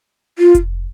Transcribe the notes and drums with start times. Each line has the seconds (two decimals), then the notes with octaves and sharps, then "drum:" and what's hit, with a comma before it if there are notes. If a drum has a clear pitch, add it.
0.39 F4
0.55 drum: kick F1, hi-hat